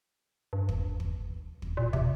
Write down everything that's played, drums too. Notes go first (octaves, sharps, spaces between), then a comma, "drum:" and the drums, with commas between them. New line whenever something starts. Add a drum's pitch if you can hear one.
G2
drum: kick
drum: kick
drum: kick
A#2
C3, drum: kick